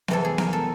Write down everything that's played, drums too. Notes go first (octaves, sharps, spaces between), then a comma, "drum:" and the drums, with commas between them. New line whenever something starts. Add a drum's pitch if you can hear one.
E2 C3 E3 A4, drum: snare B3
G#4
A#4, drum: snare B3
A4